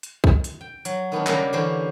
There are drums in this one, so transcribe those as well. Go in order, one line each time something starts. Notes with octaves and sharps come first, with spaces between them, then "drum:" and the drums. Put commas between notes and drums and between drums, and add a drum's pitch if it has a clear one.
drum: hi-hat
drum: kick
drum: hi-hat
G5
F#3, drum: hi-hat
D#3 B3 C#4 D4
C#3 G3 A#3 D5 F5 A#5, drum: clap
D3 E3 C#4 G4 C5